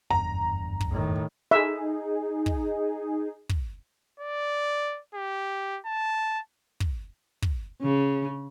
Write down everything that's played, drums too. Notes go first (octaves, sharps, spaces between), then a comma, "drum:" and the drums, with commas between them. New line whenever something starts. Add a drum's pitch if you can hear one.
F#1 E2 G2 A#5
drum: kick
A2 D#3
D#4 G#4 E5
drum: kick
drum: kick
D5
G4
A5
drum: kick
drum: kick
C#3